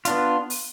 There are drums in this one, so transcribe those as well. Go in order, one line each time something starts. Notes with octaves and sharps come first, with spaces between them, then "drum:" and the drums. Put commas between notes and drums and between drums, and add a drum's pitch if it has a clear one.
B3 D4 F4, drum: hi-hat
drum: open hi-hat